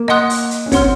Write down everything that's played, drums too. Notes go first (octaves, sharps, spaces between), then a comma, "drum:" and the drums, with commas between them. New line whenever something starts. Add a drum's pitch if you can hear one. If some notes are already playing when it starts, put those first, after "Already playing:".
Already playing: A#3
D#5 F#5 C6 D#6 F#6, drum: rim click
drum: open hi-hat
drum: hi-hat
C#4
C4 C#5 F#5 C6 F6, drum: kick, hi-hat